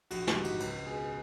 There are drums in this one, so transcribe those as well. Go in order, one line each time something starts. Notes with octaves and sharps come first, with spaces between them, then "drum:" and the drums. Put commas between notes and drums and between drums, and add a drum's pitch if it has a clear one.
A#1 F#4, drum: cymbal
G4, drum: snare
G#2 E3
F#4, drum: cymbal
C#2, drum: cymbal
B2 G#4